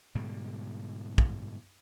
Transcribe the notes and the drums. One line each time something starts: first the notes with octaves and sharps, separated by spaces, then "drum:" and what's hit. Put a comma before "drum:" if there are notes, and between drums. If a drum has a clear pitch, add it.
G#2 B2 D3 G3
drum: kick